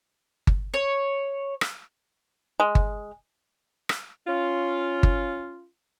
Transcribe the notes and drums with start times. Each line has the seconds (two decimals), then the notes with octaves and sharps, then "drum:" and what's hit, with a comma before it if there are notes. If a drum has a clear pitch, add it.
0.47 drum: kick G1
0.74 C#5
1.61 drum: rim click
2.60 G#3
2.75 drum: kick G1
3.89 drum: rim click
4.27 C#4 F4
5.03 drum: kick G1